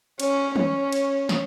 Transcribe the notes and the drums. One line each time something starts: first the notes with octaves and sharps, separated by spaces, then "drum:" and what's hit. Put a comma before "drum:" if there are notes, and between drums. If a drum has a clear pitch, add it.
C#4, drum: cymbal
C#4, drum: tom
drum: cymbal
drum: snare